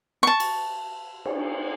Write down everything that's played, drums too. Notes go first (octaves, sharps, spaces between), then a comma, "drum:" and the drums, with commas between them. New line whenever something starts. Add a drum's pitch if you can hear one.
A5 C#6
drum: cymbal
drum: cymbal